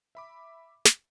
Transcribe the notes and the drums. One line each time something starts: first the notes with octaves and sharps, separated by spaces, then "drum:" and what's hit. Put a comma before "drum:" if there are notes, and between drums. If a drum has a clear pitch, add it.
E5 B5 D6
drum: snare